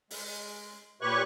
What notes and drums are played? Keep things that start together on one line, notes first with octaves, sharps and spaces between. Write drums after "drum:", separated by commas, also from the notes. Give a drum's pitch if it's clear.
G#3, drum: open hi-hat
A#2 G4 B4 C#5 C#6 F#6